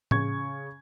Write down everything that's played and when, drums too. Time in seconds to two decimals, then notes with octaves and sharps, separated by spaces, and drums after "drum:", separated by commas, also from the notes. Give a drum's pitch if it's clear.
0.11 C#3 C#6 G#6, drum: tom A2